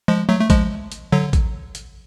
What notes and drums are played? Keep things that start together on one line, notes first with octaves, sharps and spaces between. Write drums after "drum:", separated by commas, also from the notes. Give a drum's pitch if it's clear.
F3 G#3
F#3 A3
A3
F3 G#3, drum: kick A1, hi-hat
drum: hi-hat
D3 F#3
drum: kick A1, hi-hat
drum: hi-hat